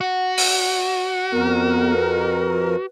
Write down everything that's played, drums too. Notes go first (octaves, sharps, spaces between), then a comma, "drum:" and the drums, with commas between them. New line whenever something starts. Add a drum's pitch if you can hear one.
F#4 F#5
drum: open hi-hat
F2 B3 A#4
B4